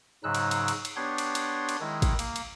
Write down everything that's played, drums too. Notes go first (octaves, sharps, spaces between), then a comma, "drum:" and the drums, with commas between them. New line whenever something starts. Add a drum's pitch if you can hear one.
G#2 C#3 F#3 D#4 E6 F#6
drum: cymbal
drum: cymbal
drum: cymbal
drum: cymbal
B3 D4 G4 C#5 C6 G#6
drum: cymbal
drum: cymbal
drum: cymbal
D#3 G#3 E4
drum: kick, cymbal
A#3, drum: cymbal
drum: cymbal